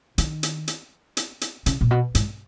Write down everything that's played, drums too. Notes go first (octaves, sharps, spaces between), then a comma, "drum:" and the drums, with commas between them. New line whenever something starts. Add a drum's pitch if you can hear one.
D#3, drum: hi-hat
drum: hi-hat
drum: hi-hat
drum: hi-hat
drum: hi-hat
C#3, drum: hi-hat
A#2
B2
G#2, drum: hi-hat